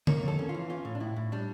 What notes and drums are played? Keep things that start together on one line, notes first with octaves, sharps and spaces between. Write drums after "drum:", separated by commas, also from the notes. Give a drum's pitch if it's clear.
A#3 C#5, drum: tom
F2
A4
C#4
F4
E3
C#4 F4
A2
D4
A2 E4
A2
G3 D4